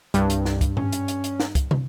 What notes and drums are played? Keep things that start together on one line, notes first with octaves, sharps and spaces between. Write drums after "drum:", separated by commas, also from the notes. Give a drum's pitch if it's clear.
C2 G2, drum: hi-hat
drum: hi-hat
drum: snare
drum: kick, hi-hat
C#4, drum: tom G#2
drum: hi-hat
drum: hi-hat
drum: hi-hat
drum: snare
drum: kick, hi-hat
drum: tom